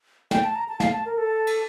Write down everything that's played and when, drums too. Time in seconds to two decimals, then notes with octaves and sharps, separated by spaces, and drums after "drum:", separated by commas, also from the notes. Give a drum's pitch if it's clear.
0.31 G5, drum: snare
0.44 A5
0.56 A#5
0.68 A5
0.80 F5, drum: snare
0.92 A5
1.06 A#4
1.18 A4
1.47 drum: cymbal